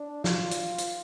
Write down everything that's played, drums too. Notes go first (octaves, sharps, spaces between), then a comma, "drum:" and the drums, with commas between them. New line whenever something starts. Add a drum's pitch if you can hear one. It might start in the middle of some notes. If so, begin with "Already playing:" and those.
Already playing: D4
F4, drum: snare
drum: hi-hat
drum: hi-hat